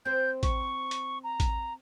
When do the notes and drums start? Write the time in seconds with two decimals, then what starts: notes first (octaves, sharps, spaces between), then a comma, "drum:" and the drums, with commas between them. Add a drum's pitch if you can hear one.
0.05 C4 C5 G6
0.43 C#6, drum: kick A1, hi-hat
0.91 drum: hi-hat
1.24 A#5
1.40 drum: kick A1, hi-hat